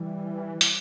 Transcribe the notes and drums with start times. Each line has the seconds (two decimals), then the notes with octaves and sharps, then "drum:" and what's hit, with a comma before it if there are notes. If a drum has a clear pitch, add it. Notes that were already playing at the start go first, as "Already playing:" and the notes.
Already playing: E3 G3
0.61 drum: hi-hat